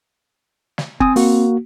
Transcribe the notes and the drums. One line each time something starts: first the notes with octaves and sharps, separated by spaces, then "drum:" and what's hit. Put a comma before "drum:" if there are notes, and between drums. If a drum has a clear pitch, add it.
drum: snare
C4 G#5 D#6, drum: kick
A#3 F#4, drum: open hi-hat